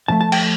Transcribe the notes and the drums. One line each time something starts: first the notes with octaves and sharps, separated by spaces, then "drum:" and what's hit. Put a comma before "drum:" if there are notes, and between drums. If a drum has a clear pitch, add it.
A2 F3 A3 A5
A5
G5, drum: cymbal